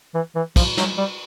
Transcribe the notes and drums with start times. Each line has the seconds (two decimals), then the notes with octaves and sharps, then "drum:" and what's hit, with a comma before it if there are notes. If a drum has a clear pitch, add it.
0.14 E3
0.35 E3
0.56 F3, drum: kick, cymbal
0.77 F#3, drum: snare
0.98 G3